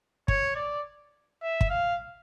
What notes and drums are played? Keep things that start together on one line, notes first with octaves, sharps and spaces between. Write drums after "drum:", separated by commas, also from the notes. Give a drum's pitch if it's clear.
C#5, drum: kick
D5
E5
drum: kick
F5